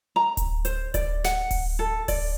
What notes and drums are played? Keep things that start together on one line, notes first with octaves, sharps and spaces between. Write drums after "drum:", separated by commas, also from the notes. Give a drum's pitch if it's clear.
A#5
drum: kick D1, hi-hat
C5, drum: hi-hat
D5, drum: kick D1, hi-hat
F#5, drum: snare
drum: kick D1, open hi-hat
A4
D5, drum: kick D1, open hi-hat